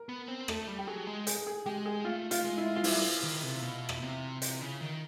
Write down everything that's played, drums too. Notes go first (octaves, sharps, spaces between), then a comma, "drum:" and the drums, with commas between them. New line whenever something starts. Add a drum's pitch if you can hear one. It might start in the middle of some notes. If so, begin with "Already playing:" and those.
Already playing: A#4
B3
C4
A3 A4, drum: rim click
G3
G4
F#3 G#4
G#3
G#4, drum: hi-hat
G#4
G#3 G4
G#4
A3 F4
F4, drum: hi-hat
G#3
E4
F4
G3 E4, drum: open hi-hat
D#3
C3
B2
drum: rim click
C3
C3, drum: hi-hat
C#3
D#3